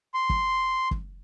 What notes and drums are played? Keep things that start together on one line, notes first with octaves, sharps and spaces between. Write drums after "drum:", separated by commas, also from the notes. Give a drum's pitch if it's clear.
C6
drum: kick
drum: kick